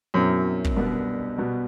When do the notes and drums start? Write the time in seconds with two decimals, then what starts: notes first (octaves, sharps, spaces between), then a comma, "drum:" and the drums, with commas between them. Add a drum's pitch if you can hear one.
0.14 F#2 B2 F#3 C4 E4
0.64 drum: kick
0.76 C2 B2 G3 B3 D4
1.38 B2 G3 B3 F#4